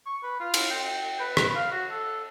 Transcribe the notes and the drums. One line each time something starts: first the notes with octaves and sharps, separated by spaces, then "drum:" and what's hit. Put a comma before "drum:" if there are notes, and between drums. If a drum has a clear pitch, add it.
C#6
B4
F4
drum: cymbal
G5
B4
drum: rim click
F5
F#4
A4